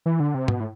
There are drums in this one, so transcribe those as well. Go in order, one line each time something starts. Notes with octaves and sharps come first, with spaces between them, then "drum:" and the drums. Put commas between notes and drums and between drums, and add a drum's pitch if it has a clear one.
E3
D3
C3
B2, drum: tom G#2
A2